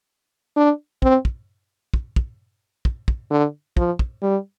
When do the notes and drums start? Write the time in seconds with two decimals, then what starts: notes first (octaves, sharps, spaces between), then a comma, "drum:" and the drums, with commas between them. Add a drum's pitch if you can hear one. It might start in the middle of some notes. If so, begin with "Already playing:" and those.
0.56 D4
1.02 C4, drum: kick
1.25 drum: kick
1.94 drum: kick
2.16 drum: kick
2.85 drum: kick
3.08 drum: kick
3.31 D3
3.77 F3, drum: kick
3.99 drum: kick
4.22 G3